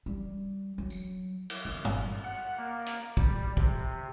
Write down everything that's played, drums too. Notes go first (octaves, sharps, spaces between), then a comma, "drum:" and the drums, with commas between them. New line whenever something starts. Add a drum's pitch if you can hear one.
G3
F#3
drum: tambourine
drum: cymbal
G1
drum: tom
F#5
A#3
drum: hi-hat
G3, drum: kick
C3, drum: kick